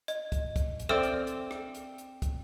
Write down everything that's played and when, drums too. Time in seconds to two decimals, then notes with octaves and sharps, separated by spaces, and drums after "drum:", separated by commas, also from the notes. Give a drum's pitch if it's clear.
0.08 D#5, drum: hi-hat
0.32 drum: kick, hi-hat
0.56 drum: kick, hi-hat
0.80 drum: hi-hat
0.89 C4 A4 D5 E5 F6
1.03 drum: hi-hat
1.27 drum: hi-hat
1.51 drum: rim click
1.75 drum: hi-hat
1.98 drum: hi-hat
2.22 drum: kick, hi-hat